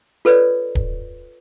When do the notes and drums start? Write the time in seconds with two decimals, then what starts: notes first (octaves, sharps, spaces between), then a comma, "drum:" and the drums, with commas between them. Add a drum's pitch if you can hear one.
0.25 F4 A4 B4 C#5 D5
0.75 drum: kick D1